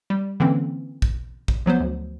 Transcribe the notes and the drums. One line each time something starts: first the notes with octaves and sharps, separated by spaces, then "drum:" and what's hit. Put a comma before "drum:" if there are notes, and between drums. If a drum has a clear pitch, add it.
G3
D3 E3 A#3 C4 C#4
drum: kick A#1
drum: kick A#1
F3 F#3 B3 C5
D2